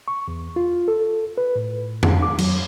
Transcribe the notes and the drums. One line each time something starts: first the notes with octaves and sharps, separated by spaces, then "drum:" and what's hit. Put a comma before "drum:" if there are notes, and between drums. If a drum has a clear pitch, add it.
C#6
E2
F4
A4
B4
A2
drum: tom F2
D6
F#3, drum: cymbal